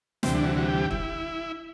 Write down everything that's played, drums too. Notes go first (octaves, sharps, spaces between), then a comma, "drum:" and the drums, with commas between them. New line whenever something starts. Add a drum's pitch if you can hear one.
D2 C3 E3 G3 C4, drum: snare
D4
F#4
F#4
G4
E4, drum: kick